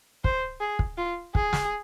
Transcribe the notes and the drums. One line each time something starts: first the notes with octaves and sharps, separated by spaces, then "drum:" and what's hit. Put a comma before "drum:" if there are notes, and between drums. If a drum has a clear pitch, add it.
C5, drum: kick
G#4
drum: kick
F4
G#4, drum: kick
drum: snare